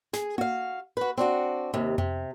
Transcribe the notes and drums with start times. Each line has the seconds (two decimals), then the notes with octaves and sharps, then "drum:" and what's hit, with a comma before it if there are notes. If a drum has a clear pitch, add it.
0.13 G#4, drum: snare
0.38 F#4 F5, drum: tom A#3
0.97 F#4 B4
1.17 C4 D4 F#4
1.74 D#2 C3
1.98 C3, drum: tom F2